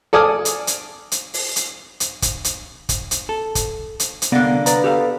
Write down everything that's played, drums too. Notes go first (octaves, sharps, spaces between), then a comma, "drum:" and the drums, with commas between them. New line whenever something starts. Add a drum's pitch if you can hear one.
A4 D5 G#5 D#6 F6
drum: hi-hat
drum: hi-hat
drum: hi-hat
drum: open hi-hat
drum: hi-hat
drum: hi-hat
drum: kick, hi-hat
drum: hi-hat
drum: kick, hi-hat
drum: hi-hat
A4
drum: kick, hi-hat
drum: hi-hat
drum: hi-hat
C2 D3 A#3 B3 D5
B3 D5 A#5, drum: hi-hat
G4 A4 F5